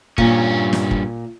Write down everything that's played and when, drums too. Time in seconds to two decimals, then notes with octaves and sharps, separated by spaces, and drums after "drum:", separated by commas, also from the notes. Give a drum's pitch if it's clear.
0.18 G2 A#2 C#4, drum: kick
0.73 drum: snare
0.91 drum: kick